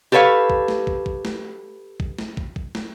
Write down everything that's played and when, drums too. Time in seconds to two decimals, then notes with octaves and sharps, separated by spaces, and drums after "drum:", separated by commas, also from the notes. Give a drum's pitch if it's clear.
0.12 G4 A4 B4 C#5 F5
0.50 drum: kick
0.68 drum: snare
0.87 drum: kick
1.06 drum: kick
1.25 drum: snare
2.00 drum: kick
2.19 drum: snare
2.37 drum: kick
2.56 drum: kick
2.75 drum: snare